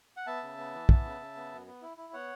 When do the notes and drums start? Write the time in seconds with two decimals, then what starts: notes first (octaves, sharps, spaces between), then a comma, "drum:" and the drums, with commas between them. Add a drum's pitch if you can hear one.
0.17 F#5
0.27 B3 E5 A5
0.42 C#3
0.58 B3
0.74 E3
0.89 B3, drum: kick
1.05 C#3
1.21 C#3
1.36 B3
1.52 F#2
1.67 B3
1.82 E4
1.97 E4
2.13 B3 C#5 F#5